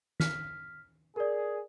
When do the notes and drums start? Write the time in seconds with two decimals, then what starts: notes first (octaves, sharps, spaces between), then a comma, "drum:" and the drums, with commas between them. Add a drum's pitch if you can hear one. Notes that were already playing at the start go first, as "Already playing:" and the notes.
0.20 F6 B6, drum: snare
1.16 G#4 A#4 D5